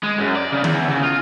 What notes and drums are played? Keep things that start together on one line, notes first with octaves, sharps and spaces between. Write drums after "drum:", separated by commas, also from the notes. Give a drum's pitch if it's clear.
G#3
F#2
D5
C#3
E2, drum: tom D3
C#3
F4